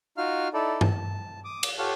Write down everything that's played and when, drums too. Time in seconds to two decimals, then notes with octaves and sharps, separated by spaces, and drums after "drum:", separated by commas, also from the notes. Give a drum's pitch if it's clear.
0.17 D#4 F4 F#4 F5 F6
0.54 D#4 E4 A4 D5
0.81 A5, drum: tom G2
1.44 D6 D#6
1.63 drum: cymbal
1.78 F4 G4 A4 C#5 F5 F#5